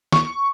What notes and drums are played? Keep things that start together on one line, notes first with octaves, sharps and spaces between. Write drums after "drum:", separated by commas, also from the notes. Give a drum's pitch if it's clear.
C#6, drum: snare